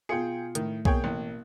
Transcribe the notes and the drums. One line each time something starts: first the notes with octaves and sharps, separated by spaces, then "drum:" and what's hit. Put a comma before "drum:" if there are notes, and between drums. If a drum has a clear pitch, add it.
B2 F4 G#4 G5 C#7
A2 D#3, drum: hi-hat
B1 A#3 G#4 C#5 G5, drum: kick B1
A1